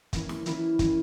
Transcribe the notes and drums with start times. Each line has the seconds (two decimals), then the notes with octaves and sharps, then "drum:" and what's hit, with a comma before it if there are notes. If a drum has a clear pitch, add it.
0.13 E3 A#3 C#4, drum: kick, hi-hat
0.29 drum: snare
0.46 E3 A#3 C#4 E4, drum: hi-hat
0.79 E3 A#3 C#4, drum: kick, hi-hat